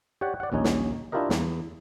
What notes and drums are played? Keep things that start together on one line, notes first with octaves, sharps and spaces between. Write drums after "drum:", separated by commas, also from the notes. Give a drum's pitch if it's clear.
G4 C#5 D5 F#5
D5 F#5
A#1 D#2 C#4 D#4 C#5
drum: snare
D4 E4 F4 G4 A#4 D#5
E2, drum: snare